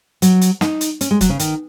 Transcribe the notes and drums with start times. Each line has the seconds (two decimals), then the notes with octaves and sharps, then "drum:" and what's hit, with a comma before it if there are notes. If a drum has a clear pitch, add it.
0.22 F#3, drum: hi-hat
0.42 drum: hi-hat
0.61 D#4, drum: snare
0.81 drum: hi-hat
1.01 C#4, drum: hi-hat
1.11 G#3
1.21 F#3, drum: kick, hi-hat
1.29 C#3
1.40 D#3, drum: hi-hat